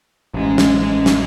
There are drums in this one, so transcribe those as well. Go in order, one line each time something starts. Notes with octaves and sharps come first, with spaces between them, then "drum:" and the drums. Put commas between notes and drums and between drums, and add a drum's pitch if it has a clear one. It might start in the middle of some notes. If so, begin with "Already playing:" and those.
A1 G#2 G#3 C#4
drum: snare
drum: snare